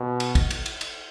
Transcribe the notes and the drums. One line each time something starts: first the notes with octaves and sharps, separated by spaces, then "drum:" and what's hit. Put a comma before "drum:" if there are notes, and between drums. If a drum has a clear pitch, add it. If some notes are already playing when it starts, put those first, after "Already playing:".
Already playing: B2
drum: cymbal
drum: kick, cymbal
drum: cymbal
drum: cymbal
drum: cymbal